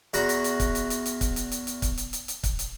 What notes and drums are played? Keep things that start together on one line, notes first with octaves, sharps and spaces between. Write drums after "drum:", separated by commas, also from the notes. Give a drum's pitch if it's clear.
E2 F#4 A#5, drum: hi-hat
drum: hi-hat
drum: hi-hat
drum: kick C#1, hi-hat
drum: hi-hat
drum: hi-hat
drum: hi-hat
drum: kick C#1, hi-hat
drum: hi-hat
drum: hi-hat
drum: hi-hat
drum: kick C#1, hi-hat
drum: hi-hat
drum: hi-hat
drum: hi-hat
drum: kick C#1, hi-hat
drum: hi-hat